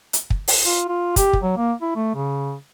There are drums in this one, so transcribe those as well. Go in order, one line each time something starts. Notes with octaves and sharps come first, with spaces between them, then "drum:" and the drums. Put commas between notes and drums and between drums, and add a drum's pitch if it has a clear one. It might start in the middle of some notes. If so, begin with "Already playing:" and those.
drum: hi-hat
drum: kick
drum: open hi-hat
F4
F4
G4, drum: kick, hi-hat
drum: kick
F#3
A#3
E4
A3
C#3